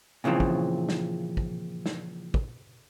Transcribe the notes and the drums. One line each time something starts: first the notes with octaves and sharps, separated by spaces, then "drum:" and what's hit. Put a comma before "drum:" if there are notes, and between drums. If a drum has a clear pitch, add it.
A#2 C#3 E3 F3 C4
drum: kick
drum: snare
drum: kick
drum: snare
drum: kick